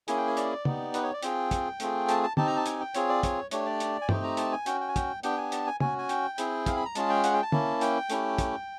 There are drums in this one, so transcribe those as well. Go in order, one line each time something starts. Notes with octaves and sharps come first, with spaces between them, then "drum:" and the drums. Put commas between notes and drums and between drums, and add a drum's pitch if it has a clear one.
A#3 C#4 E4 G#4 G#5, drum: hi-hat
G5
G#5
D5, drum: hi-hat
B3 D#4 G4, drum: tom
B4, drum: hi-hat
C#5
D5
C4 F4 G#4 G5, drum: hi-hat
drum: kick, hi-hat
A3 C4 F4 G#4, drum: hi-hat
A5, drum: hi-hat
A5
C4 D#4 G4 A5, drum: tom
A#5
A5
G#5, drum: hi-hat
G5
C4 F4 G#4 C#5, drum: hi-hat
D5
C#5, drum: kick, hi-hat
A3 D4 G4 C#5, drum: hi-hat
D5
drum: hi-hat
G#5
A3 C4 D#4 G4 G5, drum: tom G2
A#5
A5, drum: hi-hat
G#5
C#4 F#4 G5, drum: hi-hat
G5
G#5
G5, drum: kick, hi-hat
B3 D4 G4 G5, drum: hi-hat
G#5
A5, drum: hi-hat
G#5
C#4 F#4 G#5, drum: tom
G#5
G5, drum: hi-hat
C4 E4 G#4, drum: hi-hat
F5, drum: kick, hi-hat
B5
A#5
G#3 C#4 F4 G#4 A5, drum: hi-hat
G5
F#5, drum: hi-hat
G5
A5
A#3 C#4 E4, drum: tom
G5, drum: hi-hat
A3 C#4 E4 G4, drum: hi-hat
drum: kick, hi-hat